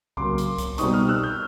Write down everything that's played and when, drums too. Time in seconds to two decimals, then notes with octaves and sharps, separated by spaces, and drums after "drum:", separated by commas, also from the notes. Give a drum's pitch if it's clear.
0.17 C#3 F#3 A#3 C6 D6, drum: kick C2
0.38 drum: hi-hat
0.58 drum: kick C2, hi-hat
0.78 B2 G3 C4 D#4 C#6 D#6, drum: hi-hat
0.93 D#6 F6
1.08 E6 F#6
1.23 F6 G6